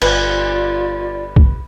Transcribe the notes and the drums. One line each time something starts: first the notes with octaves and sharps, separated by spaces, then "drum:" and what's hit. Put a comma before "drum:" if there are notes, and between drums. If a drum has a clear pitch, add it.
G1 F4 B4 D5, drum: cymbal
drum: kick B1